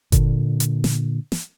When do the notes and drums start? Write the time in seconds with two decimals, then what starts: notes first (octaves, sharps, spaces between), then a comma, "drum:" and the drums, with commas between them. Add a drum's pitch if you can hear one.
0.12 A#2 D3, drum: kick G1, hi-hat
0.60 drum: hi-hat
0.84 drum: snare
1.32 drum: snare